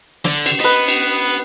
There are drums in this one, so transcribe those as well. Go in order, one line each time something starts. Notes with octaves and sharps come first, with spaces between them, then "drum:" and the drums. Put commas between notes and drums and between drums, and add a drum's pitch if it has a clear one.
D3 D6, drum: snare
drum: cymbal
B3 B4 D#5
drum: cymbal